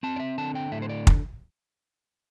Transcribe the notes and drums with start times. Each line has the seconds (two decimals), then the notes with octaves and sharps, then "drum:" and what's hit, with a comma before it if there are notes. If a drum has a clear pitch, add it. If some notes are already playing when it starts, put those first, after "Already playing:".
0.03 C4 A5
0.16 D5
0.20 E5
0.38 D3 A5
0.55 G5
0.72 A2 E5
0.82 C5
0.89 D5
1.07 drum: kick